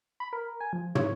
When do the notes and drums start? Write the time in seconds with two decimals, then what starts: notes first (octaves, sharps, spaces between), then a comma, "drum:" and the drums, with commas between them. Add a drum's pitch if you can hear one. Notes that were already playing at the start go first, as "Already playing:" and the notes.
0.20 B5
0.33 A#4
0.61 G#5
0.73 F3
0.95 C#5, drum: tom